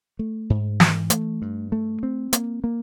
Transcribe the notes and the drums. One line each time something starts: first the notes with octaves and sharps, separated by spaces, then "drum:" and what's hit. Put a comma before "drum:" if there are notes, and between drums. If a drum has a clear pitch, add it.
A3
G#2
E3, drum: snare
A3, drum: hi-hat
G2
A3
C4
A#3, drum: hi-hat
A#3